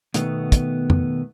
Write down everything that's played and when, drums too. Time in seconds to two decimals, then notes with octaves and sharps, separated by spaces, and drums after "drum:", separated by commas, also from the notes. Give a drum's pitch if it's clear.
0.14 B2 D#3 A3 B3, drum: hi-hat
0.52 drum: kick, hi-hat
0.90 drum: tom F2